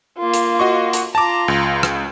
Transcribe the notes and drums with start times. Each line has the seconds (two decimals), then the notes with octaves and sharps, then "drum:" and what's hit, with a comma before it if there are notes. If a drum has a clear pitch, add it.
0.19 A#3 F4
0.34 drum: hi-hat
0.59 F#4 D#5 C#6
0.93 drum: hi-hat
1.15 F4 A5 A#5 D6
1.48 C#2
1.83 drum: rim click